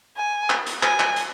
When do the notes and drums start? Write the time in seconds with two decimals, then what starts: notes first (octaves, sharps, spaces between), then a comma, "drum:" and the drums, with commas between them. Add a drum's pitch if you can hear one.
0.17 G#5
0.50 drum: clap
0.66 drum: hi-hat
0.83 G#5, drum: clap
1.00 drum: clap
1.16 drum: hi-hat